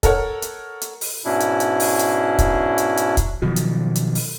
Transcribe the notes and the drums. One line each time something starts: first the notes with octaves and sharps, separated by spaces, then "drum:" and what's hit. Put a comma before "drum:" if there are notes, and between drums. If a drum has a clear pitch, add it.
A4 A#4 C#5 F#5, drum: kick, hi-hat
drum: hi-hat
drum: hi-hat
drum: open hi-hat
G#2 B2 C#4 D4 E4
drum: hi-hat
drum: hi-hat
drum: open hi-hat
drum: hi-hat
drum: kick, hi-hat
drum: hi-hat
drum: hi-hat
drum: kick, hi-hat
B2 D#3 F3 F#3
drum: hi-hat
drum: hi-hat
drum: open hi-hat